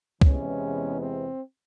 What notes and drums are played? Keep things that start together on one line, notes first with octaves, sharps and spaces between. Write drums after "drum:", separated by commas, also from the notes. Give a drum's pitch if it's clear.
E2 C3 E3 G#3 B3 C#4, drum: kick
C4